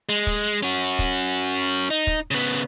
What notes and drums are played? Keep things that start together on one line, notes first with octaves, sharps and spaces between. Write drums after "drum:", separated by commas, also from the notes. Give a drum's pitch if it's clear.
G#3
drum: kick
C#4 F#4
drum: kick
D#4
drum: kick
C#3 B3